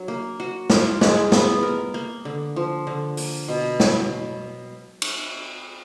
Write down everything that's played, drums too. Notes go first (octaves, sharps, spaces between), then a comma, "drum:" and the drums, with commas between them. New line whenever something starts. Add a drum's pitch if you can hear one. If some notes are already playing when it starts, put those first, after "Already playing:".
Already playing: F#3 D4
A#3
F#4
F4, drum: snare
G#3, drum: snare
B3, drum: snare
A#4
A#3
D3
F3
D3
A#3, drum: open hi-hat
B2
F#3, drum: snare
drum: cymbal